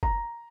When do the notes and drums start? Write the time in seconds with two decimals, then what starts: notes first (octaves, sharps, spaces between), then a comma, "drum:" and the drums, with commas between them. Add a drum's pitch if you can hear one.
0.03 A#5, drum: kick